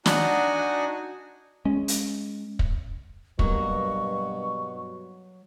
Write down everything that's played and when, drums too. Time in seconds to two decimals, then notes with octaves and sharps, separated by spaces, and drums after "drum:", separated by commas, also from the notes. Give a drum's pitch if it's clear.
0.06 D4 D#4 F#4 F#5 G#5, drum: snare
1.65 G#3 C#4
1.88 drum: hi-hat
2.59 drum: kick
3.39 G2 B2 F#3 A#3 C#6, drum: kick